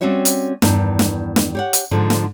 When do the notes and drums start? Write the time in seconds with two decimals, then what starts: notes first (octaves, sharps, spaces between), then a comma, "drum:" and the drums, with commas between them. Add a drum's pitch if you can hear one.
0.01 G3 C4 C#4 F#4 C#5 E5
0.25 drum: hi-hat
0.62 E2 G2 D#3, drum: snare
0.99 drum: snare
1.36 drum: snare
1.55 G4 C#5 F#5
1.73 drum: hi-hat
1.91 G#2 D3 F3 G#3
2.10 drum: snare